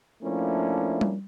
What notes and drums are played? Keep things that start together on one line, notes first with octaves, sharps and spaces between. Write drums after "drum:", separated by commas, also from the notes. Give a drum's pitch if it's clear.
F3 A3 A#3 C#4 D4 E4
drum: tom G3